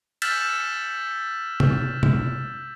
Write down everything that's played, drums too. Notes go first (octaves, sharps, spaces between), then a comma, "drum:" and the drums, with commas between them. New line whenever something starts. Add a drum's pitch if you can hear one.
E6 F6 G6 A6 B6 E7, drum: cymbal
drum: tom C3
drum: tom C3